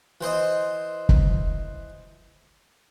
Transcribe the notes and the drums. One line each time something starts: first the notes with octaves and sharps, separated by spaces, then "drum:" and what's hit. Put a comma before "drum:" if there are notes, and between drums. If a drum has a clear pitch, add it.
E3 C5 D#5
drum: kick